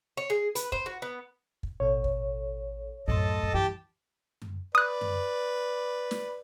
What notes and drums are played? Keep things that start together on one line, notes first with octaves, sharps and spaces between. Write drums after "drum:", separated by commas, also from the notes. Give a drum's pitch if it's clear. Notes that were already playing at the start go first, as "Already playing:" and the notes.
C#5
G#4
B4, drum: hi-hat
C5, drum: kick
F#4
B3
drum: kick
A1 B2 A4 C#5
drum: kick
C#2 F#2 A2 A4 D#5 A5 C6
drum: kick
G2 E3 G4 G5 A5
drum: tom F#2
B4 D5 D#6 F#6
drum: tom F#2
drum: snare